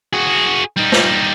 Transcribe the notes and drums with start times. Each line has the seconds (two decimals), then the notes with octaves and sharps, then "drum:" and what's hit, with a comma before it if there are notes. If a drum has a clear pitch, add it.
0.13 F#4 G#4
0.77 G3 D#4
0.92 drum: snare